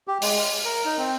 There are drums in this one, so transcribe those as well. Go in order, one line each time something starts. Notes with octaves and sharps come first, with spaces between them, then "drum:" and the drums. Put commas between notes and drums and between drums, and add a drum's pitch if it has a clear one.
G4
G#3, drum: open hi-hat
F6
A#4
D#4
C4